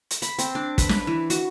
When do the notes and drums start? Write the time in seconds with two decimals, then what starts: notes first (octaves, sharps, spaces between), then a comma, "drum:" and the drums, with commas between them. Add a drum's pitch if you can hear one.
0.11 drum: hi-hat
0.22 B5, drum: hi-hat
0.39 C4, drum: hi-hat
0.55 D4
0.78 B4, drum: kick, hi-hat
0.89 B4, drum: snare
1.07 E3
1.30 F#4, drum: hi-hat